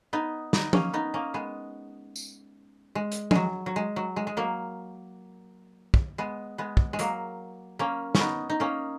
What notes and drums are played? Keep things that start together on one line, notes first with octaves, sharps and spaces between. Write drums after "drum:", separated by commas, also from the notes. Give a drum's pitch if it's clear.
B3 D#4
B3 D#4, drum: snare
A#3 C#4, drum: tom
B3 D#4
A#3 C#4
G#3 B3
drum: tambourine
G#3
drum: hi-hat
F#3 G#3, drum: tom
F#3
G#3
F#3
G#3
G#3
F#3 A#3
drum: kick
G#3 B3
G#3 B3
drum: kick
G#3
F#3 A#3, drum: hi-hat
A#3 C#4
C#4, drum: snare
B3 D#4
D#4
A#3 C#4